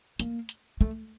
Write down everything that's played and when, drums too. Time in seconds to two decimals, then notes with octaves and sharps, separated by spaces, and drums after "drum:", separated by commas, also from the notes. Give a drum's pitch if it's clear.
0.20 A#3, drum: hi-hat
0.49 drum: hi-hat
0.81 A3